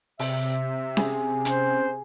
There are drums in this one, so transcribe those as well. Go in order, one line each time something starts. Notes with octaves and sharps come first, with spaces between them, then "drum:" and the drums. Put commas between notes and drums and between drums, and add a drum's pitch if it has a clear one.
C3 E5, drum: open hi-hat
G#4, drum: snare C#4
C#4 C5, drum: hi-hat